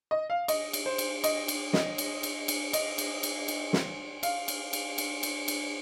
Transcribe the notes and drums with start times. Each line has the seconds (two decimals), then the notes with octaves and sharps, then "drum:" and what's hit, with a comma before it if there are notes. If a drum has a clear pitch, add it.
0.11 D#5
0.30 F5
0.48 D#5, drum: cymbal
0.73 drum: cymbal
0.86 C5
0.98 drum: cymbal
1.24 D#5, drum: cymbal
1.48 drum: cymbal
1.73 D#5, drum: snare
1.98 drum: cymbal
2.23 drum: cymbal
2.48 drum: cymbal
2.73 D#5, drum: cymbal
2.98 drum: cymbal
3.23 drum: cymbal
3.48 drum: cymbal
3.73 drum: snare
4.23 F5, drum: cymbal
4.48 drum: cymbal
4.73 drum: cymbal
4.98 drum: cymbal
5.23 drum: cymbal
5.48 drum: cymbal